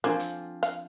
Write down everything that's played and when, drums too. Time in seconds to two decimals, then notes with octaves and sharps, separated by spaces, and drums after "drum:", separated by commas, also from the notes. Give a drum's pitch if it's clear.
0.04 F3 A#3 C4 D4 F4 A4 D6
0.19 drum: hi-hat
0.63 F5, drum: hi-hat